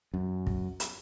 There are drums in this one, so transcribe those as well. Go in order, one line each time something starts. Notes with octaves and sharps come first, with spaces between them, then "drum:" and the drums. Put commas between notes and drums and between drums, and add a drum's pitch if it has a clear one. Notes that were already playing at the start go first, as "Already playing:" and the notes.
F#2
drum: kick
drum: hi-hat